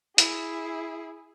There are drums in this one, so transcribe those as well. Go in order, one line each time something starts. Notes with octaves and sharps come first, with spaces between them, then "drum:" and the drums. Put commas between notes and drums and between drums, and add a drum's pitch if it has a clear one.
E4 G#4, drum: hi-hat